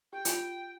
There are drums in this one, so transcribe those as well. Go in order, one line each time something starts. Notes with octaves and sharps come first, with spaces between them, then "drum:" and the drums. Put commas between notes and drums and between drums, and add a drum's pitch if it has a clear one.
G4 G5
F4, drum: hi-hat